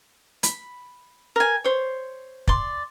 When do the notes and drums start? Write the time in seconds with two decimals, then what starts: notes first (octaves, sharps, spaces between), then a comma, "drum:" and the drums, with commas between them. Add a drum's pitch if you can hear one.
0.43 B5, drum: hi-hat
1.36 A#4 G#5
1.64 C5 C#5
2.48 D5 C6, drum: kick